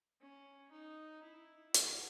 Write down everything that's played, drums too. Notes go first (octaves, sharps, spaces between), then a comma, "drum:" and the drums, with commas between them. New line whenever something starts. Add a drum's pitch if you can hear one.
C#4
D#4
E4
F#4, drum: hi-hat